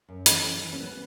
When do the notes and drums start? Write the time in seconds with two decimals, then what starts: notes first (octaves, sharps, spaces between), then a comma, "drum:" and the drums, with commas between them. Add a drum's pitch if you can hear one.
0.08 F#2
0.26 E3, drum: hi-hat
0.44 E3
0.62 E3
0.73 C#4
0.79 E3 B3